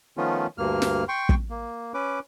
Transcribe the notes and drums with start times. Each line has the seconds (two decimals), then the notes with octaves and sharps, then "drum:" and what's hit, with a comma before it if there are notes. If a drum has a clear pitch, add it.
0.17 D#3 F3 A3 B3 C#4 F4
0.58 D2 G2 A#3 F6
0.82 drum: snare
1.08 G5 C6 C#6
1.29 drum: kick
1.50 A#3
1.94 C#4 B4 D6